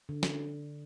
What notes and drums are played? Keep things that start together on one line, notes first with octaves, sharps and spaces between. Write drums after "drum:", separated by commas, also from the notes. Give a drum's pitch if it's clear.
D3
drum: snare